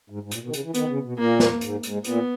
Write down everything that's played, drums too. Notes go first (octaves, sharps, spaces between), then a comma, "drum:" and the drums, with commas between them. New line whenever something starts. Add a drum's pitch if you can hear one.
G#2
G#2
A#2, drum: hi-hat
B2
D#3
C#3, drum: hi-hat
E3
D#3 B3, drum: hi-hat
C#3
B2
A#2 A#3
drum: snare
G#2, drum: hi-hat
G#2, drum: hi-hat
A#2 B3, drum: hi-hat